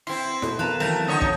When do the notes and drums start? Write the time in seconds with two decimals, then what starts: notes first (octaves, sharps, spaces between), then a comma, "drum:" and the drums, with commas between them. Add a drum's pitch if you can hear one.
0.07 C4 E4 C6
0.42 B2 A4, drum: snare E4
0.59 A#4 B4 F5 A5 A#5
0.80 D#3 E3 F#3 A3 C4 A#4
1.07 D3 D#4 C#5
1.22 drum: kick